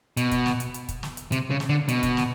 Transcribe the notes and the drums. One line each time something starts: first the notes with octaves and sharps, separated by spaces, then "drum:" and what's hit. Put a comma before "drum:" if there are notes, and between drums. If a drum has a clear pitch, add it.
B2, drum: hi-hat
drum: kick, hi-hat
drum: snare
drum: hi-hat
drum: hi-hat
drum: kick, hi-hat
drum: snare
drum: hi-hat
C3, drum: hi-hat
C#3
drum: snare
D3
B2, drum: hi-hat
drum: kick, hi-hat
drum: snare